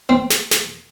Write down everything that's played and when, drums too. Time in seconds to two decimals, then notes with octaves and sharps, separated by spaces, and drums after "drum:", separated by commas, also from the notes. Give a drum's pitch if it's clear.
0.09 C4
0.30 drum: snare
0.51 drum: snare